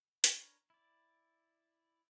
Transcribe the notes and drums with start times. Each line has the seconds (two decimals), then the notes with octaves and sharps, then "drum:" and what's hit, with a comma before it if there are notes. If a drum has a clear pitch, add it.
0.24 D4 A#4 B4 C#5, drum: hi-hat
0.70 E4 D5